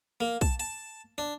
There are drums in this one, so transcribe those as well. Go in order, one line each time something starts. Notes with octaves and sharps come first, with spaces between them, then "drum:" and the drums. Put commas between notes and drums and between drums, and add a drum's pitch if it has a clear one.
A#3
A5, drum: kick
A5
D4